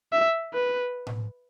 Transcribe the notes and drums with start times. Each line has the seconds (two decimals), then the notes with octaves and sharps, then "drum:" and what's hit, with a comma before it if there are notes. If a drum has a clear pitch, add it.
0.12 E5
0.53 B4
1.07 drum: tom A2